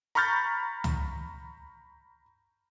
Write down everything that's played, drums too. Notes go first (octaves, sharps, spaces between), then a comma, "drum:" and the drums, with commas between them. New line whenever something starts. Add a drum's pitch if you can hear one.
A#5 B5 C#6 F6 G6 A6
drum: tom C#2